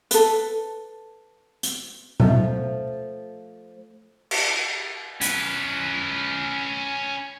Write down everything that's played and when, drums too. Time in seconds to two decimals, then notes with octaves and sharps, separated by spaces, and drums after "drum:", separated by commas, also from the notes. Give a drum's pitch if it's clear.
0.11 A4 B4, drum: hi-hat
1.63 drum: hi-hat
2.20 F3 A3, drum: tom A#2
4.31 drum: cymbal
5.21 C#4 B4, drum: hi-hat